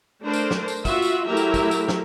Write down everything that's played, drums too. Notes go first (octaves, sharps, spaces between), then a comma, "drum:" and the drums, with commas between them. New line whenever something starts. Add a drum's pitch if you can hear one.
A3 D4 A#4 C5
drum: tambourine
drum: snare
drum: tambourine
F4 F#4 E5, drum: kick, tambourine
drum: tambourine
F#3 A3 E4 G4 A#4 E5
drum: tambourine
drum: kick, tambourine
drum: tambourine
drum: snare